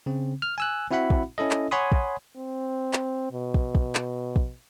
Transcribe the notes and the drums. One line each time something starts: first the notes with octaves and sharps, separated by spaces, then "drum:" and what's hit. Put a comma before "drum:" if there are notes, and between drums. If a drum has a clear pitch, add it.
C#3 C4
F6
G#5 E6 F#6
C4 E4 F#4 E5 F#5 B5
drum: kick
C#4 E4 A4 D#5
drum: clap
C#5 F#5 G#5 B5 C6 D#6
drum: kick
C4
drum: clap
B2
drum: kick
drum: kick
drum: clap
drum: kick